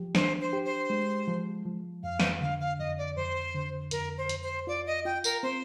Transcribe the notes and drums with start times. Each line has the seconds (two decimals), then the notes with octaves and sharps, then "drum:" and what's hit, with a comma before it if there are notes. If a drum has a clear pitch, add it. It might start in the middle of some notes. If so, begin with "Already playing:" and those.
Already playing: F3 G4
0.15 D4 C5, drum: snare
0.40 C5
0.53 G4
0.65 C5
0.90 G#3
1.27 F3
1.66 F3
2.03 F2 F5
2.20 drum: snare
2.41 D3 F5
2.60 F5
2.79 F2 D#5
2.98 D5
3.16 F2 C5
3.54 D3
3.91 F2 A#4, drum: hi-hat
4.18 C5
4.29 F2, drum: hi-hat
4.42 C5
4.67 F4 D5
4.87 D#5
5.05 F4 G5
5.24 A#4, drum: tambourine
5.43 C4 C5